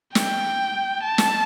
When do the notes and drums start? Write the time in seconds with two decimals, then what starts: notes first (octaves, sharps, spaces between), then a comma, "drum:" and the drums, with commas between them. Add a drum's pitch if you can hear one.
0.15 G5, drum: snare
1.03 A5
1.18 drum: snare